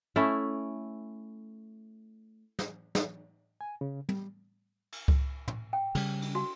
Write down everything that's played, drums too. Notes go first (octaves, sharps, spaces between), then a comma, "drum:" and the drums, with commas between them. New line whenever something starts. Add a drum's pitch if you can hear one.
A3 C#4 E4
drum: snare
drum: snare
G#5
C#3
G3, drum: tom
drum: cymbal
drum: kick C#2
drum: tom
G5
C#3 G3, drum: cymbal
drum: cymbal
F#4